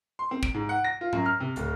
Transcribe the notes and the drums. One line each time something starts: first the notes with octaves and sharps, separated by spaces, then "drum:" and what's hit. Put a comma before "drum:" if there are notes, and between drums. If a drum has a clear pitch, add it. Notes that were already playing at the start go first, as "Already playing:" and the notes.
C6
C4
D7, drum: kick
G#2
F#5
A#6
F4
F#2, drum: tom G#2
F6
C3
D1, drum: hi-hat